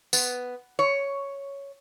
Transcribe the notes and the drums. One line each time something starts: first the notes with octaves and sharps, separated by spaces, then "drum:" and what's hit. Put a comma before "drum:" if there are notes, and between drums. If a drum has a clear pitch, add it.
B3, drum: tambourine
C#5